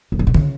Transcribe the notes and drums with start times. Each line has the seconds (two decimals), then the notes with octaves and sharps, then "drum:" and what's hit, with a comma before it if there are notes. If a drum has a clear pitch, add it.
0.12 F#2
0.19 G#2
0.27 A#2
0.34 C#3, drum: tom